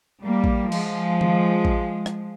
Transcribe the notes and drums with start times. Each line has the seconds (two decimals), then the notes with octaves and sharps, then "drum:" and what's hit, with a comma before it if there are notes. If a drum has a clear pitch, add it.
0.24 G3 A#3
0.44 drum: kick A1
0.72 F3 G#3, drum: cymbal
1.21 drum: tom D#3
1.65 drum: kick A1
2.06 drum: rim click